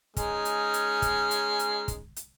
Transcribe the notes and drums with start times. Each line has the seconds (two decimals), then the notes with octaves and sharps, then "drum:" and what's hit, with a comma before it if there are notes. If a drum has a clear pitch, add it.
0.16 G#3 C#4 D#4, drum: kick, hi-hat
0.45 drum: hi-hat
0.74 drum: hi-hat
1.02 drum: kick, hi-hat
1.31 drum: hi-hat
1.59 drum: hi-hat
1.88 drum: kick, hi-hat
2.16 drum: hi-hat